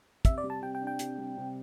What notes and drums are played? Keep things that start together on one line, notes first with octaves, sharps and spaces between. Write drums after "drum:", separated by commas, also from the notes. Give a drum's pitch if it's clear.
C3 E5, drum: kick, hi-hat
D5
G3
A5
C3 G5
G5
D4
G5
C3, drum: hi-hat
G3
C3